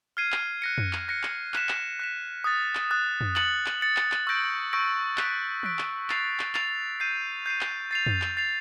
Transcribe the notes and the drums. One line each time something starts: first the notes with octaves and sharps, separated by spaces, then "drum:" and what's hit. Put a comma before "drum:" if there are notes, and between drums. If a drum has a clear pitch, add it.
F6 G#6 C7 D#7
drum: clap
F#6 A#6 C#7
drum: tom
drum: clap
F#6 A#6 C#7
drum: clap
F#6 B6 E7, drum: clap
drum: clap
F#6 B6 E7
D#6 F#6 A6
drum: clap
D#6 F#6 A6
drum: tom
A6 C#7 F#7, drum: clap
drum: clap
A6 C#7 F#7
drum: clap
drum: clap
C#6 E6 G6 A#6 D7
C#6 E6 G6 A#6 D7
F#6 B6 D7, drum: clap
F#6 B6 D7, drum: tom
drum: clap
A6 C7 F7, drum: clap
drum: clap
A6 C7 F7, drum: clap
G6 C7 D#7
G6 C7 D#7
drum: clap
A6 C7 F7
drum: tom
drum: clap
A6 C7 F7